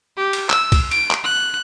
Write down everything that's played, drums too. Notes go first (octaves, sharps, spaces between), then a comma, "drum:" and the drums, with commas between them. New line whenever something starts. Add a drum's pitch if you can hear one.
G4
drum: cymbal
E6, drum: clap
drum: kick C2, cymbal
D7, drum: cymbal
drum: clap
F#6